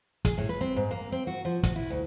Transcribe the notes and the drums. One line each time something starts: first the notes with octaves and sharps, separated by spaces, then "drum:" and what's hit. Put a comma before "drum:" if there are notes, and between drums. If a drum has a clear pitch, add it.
G#4, drum: kick, hi-hat
A2
B4
C4
G#2
A#3
C4
F#4
F3
F#4, drum: kick, hi-hat
E4
D2